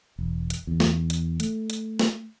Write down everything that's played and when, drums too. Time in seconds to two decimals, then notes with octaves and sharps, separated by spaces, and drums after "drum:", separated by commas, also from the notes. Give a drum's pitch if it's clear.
0.19 E1
0.50 drum: hi-hat
0.67 E2
0.80 drum: snare
1.10 drum: hi-hat
1.40 A3, drum: hi-hat
1.70 drum: hi-hat
1.99 drum: snare